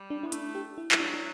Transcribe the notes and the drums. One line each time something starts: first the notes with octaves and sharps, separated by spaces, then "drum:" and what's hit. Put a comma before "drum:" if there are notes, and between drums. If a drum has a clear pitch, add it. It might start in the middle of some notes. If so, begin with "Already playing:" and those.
Already playing: G3
D4
B3 E4
A3 D4, drum: hi-hat
G4
E4
F#3 E4, drum: clap
D4
D4